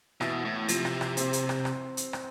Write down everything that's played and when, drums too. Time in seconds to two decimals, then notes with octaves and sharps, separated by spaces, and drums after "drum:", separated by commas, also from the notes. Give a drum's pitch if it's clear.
0.21 B2 E3, drum: rim click
0.45 A2
0.68 C3 F3, drum: hi-hat
0.85 drum: rim click
1.01 drum: rim click
1.17 C4, drum: hi-hat
1.33 drum: hi-hat
1.49 drum: rim click
1.65 drum: rim click
1.97 drum: hi-hat
2.13 drum: rim click